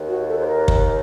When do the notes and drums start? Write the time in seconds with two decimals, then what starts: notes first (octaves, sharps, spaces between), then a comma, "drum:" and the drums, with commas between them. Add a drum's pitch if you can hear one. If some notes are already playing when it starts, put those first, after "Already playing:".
Already playing: D#2 D#3
0.08 F#4
0.29 A4
0.42 C5
0.48 A#4
0.68 drum: kick